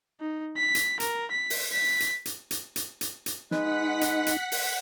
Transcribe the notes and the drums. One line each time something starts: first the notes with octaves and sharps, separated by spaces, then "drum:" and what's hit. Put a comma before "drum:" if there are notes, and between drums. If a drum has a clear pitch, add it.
D#4
B6
drum: hi-hat
A#4, drum: hi-hat
B6
drum: open hi-hat
B6
drum: hi-hat
drum: hi-hat
drum: hi-hat
drum: hi-hat
drum: hi-hat
drum: hi-hat
G#3 D#4 B4 F#5 B6, drum: snare
drum: hi-hat
drum: hi-hat
drum: open hi-hat